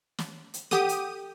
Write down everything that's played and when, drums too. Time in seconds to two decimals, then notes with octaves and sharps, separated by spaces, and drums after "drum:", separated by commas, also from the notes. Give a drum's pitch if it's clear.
0.18 drum: snare
0.54 drum: hi-hat
0.71 G4 A4 F#5 G5 D#6 D#7, drum: snare
0.89 drum: hi-hat